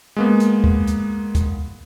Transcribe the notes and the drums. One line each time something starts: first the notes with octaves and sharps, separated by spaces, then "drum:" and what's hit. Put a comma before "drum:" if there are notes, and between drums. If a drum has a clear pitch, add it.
G#3 A#3 B3
drum: hi-hat
drum: kick
drum: hi-hat
drum: kick, hi-hat